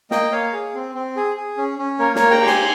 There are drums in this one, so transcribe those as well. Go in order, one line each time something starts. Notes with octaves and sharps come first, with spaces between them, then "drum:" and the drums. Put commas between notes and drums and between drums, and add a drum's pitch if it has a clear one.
A#3 D#5 G5, drum: snare
A#3 C#5 F5
G#4
C4
C4
G#4
G#4
C#4
C#4
A#3 A#4 C#5
A#4 C#5, drum: snare
A#3
G5 A#5, drum: cymbal
G4
G#5 C6, drum: snare